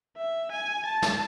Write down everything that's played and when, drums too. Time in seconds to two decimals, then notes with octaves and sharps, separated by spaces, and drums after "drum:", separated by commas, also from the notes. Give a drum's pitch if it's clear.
0.17 E5
0.51 G#5
0.86 A5
1.02 drum: snare